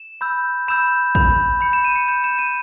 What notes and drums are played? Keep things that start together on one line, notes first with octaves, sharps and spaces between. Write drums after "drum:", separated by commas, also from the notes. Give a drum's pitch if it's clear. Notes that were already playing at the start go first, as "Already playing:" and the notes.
Already playing: E7
B5 E6 G6
B5 E6 G6 E7
B5 G6, drum: kick
B5 G6 C#7
E7
D#7
C#7
B5 G6 E7
E7
D#7